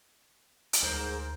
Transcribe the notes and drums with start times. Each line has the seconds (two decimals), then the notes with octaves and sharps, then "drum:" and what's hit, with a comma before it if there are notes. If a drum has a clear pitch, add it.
0.73 drum: hi-hat
0.82 D2 G#2 A#4 C5